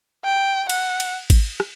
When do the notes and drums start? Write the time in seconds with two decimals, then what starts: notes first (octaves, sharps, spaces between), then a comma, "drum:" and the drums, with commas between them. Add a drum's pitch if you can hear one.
0.25 G5
0.69 F#5, drum: cymbal
1.00 drum: cymbal
1.30 drum: kick G#1, cymbal
1.60 drum: rim click